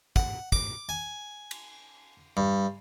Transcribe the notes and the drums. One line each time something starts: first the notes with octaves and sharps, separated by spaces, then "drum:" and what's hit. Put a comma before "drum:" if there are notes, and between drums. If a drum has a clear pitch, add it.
F#5, drum: kick
D6, drum: kick
G#5
drum: cymbal
G2